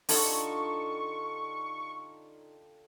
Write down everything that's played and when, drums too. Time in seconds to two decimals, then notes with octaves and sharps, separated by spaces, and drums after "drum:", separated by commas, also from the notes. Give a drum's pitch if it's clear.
0.09 D3 D#4 F4 G4 A4 C#6, drum: open hi-hat